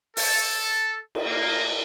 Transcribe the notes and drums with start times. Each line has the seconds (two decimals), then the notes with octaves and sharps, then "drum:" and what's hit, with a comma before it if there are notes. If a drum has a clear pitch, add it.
0.17 A4, drum: open hi-hat
1.15 drum: cymbal
1.27 A#3